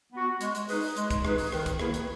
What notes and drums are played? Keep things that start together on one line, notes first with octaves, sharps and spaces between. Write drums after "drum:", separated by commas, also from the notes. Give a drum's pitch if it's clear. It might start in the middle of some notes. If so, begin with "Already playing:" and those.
B3 F#4
G#3, drum: hi-hat
drum: hi-hat
D#4 G#4 B4, drum: open hi-hat
drum: open hi-hat
G#3, drum: hi-hat
drum: kick, hi-hat
D#4 G#4 B4, drum: rim click
drum: open hi-hat
D#3, drum: rim click
drum: kick, hi-hat
A#3 E4 G#4 B4, drum: rim click
drum: hi-hat